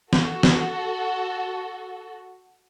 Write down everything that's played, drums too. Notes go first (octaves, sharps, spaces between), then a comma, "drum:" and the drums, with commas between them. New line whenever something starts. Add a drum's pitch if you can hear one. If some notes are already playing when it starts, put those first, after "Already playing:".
F#4 A4, drum: snare
drum: snare